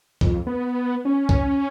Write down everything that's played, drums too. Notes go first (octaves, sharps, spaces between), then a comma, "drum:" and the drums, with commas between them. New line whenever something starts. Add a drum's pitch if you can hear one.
F2, drum: kick
B3
C#4
drum: kick